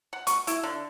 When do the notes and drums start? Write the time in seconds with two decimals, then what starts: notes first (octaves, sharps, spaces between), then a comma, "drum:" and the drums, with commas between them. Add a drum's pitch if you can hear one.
0.13 F#5
0.27 C#6, drum: hi-hat
0.47 E4, drum: hi-hat
0.63 D3